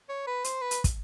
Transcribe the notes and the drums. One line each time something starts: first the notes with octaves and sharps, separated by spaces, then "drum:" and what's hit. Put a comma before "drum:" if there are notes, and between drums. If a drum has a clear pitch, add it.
C#5
B4
C5, drum: hi-hat
B4
drum: hi-hat
drum: kick, hi-hat